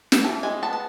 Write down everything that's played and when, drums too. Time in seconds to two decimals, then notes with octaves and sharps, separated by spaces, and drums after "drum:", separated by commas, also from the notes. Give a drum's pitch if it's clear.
0.12 drum: snare
0.24 E3 A5
0.43 G#3 G#5
0.63 B3 A5
0.73 A5